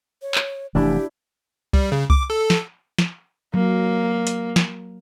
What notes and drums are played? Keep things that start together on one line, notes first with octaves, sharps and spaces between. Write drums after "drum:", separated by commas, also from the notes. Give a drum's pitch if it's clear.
C#5
drum: clap
F1 E3 A3 D4 E4 G4
G3, drum: kick C2
C#3
D6, drum: kick C2
A4
drum: snare
drum: snare
F#3 A#3
drum: hi-hat
drum: snare